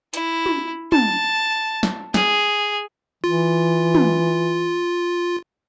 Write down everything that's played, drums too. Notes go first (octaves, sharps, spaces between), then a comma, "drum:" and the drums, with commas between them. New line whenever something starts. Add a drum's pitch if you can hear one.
E4, drum: hi-hat
drum: tom
A5, drum: tom
drum: snare
G#4, drum: snare
E3 F4
drum: tom